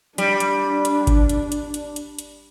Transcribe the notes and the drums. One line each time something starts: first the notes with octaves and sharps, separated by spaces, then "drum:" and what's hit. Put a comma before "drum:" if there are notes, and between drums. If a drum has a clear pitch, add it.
G3 D4, drum: hi-hat
drum: hi-hat
drum: hi-hat
drum: kick G#1, hi-hat
drum: hi-hat
drum: hi-hat
drum: hi-hat
drum: hi-hat
drum: hi-hat